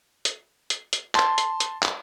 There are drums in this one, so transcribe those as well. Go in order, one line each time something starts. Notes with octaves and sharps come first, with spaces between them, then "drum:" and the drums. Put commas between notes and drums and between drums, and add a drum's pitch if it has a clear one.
drum: hi-hat
drum: hi-hat
drum: hi-hat
A5 C6, drum: clap
drum: hi-hat
drum: hi-hat
drum: clap